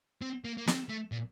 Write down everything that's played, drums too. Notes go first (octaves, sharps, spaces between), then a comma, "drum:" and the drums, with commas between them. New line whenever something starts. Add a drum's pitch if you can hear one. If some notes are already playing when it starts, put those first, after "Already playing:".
C4
A#3
A#3
C4, drum: snare
A3
A#2